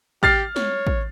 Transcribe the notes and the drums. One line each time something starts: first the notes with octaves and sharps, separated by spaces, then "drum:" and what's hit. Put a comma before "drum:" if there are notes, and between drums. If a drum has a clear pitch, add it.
G4 F6 A6 C7, drum: kick
C#5, drum: snare
drum: kick